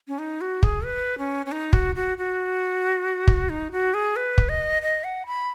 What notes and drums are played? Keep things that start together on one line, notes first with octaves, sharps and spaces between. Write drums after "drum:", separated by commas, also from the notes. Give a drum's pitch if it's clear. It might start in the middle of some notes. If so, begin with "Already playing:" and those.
C#4
D#4
F#4
G#4, drum: kick
B4
C#4
C#4
D#4
F#4, drum: kick
F#4
F#4
drum: kick
D#4
F#4
G#4
B4
drum: kick
D#5
D#5
F#5
B5